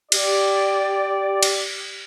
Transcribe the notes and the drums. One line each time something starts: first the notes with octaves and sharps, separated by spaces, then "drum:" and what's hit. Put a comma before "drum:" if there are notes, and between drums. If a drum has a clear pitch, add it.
G4 D5, drum: cymbal
drum: cymbal